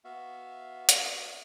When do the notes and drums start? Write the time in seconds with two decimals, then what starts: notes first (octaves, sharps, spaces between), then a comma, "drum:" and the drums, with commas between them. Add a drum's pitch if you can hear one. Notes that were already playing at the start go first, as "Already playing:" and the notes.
0.05 B3 F#4 E5 F5
0.89 drum: hi-hat